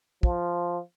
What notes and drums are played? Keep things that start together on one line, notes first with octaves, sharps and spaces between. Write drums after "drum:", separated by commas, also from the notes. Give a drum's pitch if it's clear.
F3, drum: kick